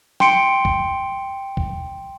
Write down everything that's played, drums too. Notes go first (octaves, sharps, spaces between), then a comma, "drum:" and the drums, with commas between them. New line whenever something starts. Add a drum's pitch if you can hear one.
G5 C6 C#7 D7, drum: snare
drum: kick
drum: kick